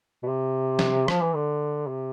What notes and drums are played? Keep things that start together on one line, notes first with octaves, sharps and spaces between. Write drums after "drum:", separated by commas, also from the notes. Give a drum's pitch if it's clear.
B2
C3
drum: snare
F3, drum: rim click
E3
D3
C3